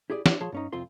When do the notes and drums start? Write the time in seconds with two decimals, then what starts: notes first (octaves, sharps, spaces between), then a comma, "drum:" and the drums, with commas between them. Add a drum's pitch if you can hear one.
0.10 E4 G4 G#4 D5
0.26 D4 G4, drum: snare
0.41 F3 G#4 C#5 A5 C6
0.52 G2 C#4 D#4
0.72 C2 F2 C4 F4 C6